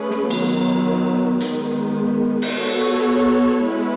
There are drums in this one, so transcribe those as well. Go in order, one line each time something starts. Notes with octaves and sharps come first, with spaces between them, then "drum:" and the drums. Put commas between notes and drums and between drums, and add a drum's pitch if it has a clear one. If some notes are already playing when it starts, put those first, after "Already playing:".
Already playing: A3 C#4 G#4 B4
drum: snare
D#3 F#3 B3, drum: cymbal
D#3 G#3 B3, drum: hi-hat
drum: open hi-hat
B3 F#4 A4 C#5
G#3 B3 E4 B4